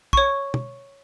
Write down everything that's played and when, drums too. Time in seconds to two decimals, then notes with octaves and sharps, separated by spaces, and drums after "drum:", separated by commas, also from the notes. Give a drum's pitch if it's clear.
0.13 C#5 C#6, drum: kick
0.54 drum: tom